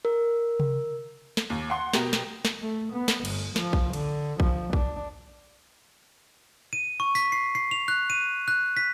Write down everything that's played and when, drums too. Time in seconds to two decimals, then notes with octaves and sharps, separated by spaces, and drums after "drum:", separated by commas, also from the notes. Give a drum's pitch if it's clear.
0.05 A#4
0.60 drum: tom C3
1.37 drum: snare
1.50 D#2
1.70 F#5 C6
1.94 B2 G4 A#4, drum: snare
2.13 drum: snare
2.45 drum: snare
2.62 A3
2.93 B3
3.08 drum: snare
3.25 G1, drum: cymbal
3.56 F3, drum: snare
3.73 drum: kick
3.93 D3, drum: cymbal
4.40 F3, drum: kick
4.73 D4, drum: kick
6.73 D#7
7.00 C#6
7.15 B6, drum: tambourine
7.32 C7
7.55 C7
7.71 F7
7.88 F#6
8.10 D#7
8.48 F#6
8.77 B6